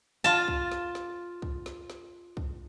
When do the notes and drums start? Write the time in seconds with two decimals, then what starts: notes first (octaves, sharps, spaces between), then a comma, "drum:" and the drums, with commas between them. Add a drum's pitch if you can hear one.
0.24 F4 A5
0.48 drum: kick
0.72 drum: snare
0.95 drum: snare
1.42 drum: kick
1.66 drum: snare
1.90 drum: snare
2.37 drum: kick